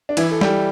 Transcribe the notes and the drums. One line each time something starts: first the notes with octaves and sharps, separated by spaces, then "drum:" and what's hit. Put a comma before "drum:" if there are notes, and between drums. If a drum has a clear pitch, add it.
D4
E3 E4, drum: cymbal
A4
G3 G4, drum: snare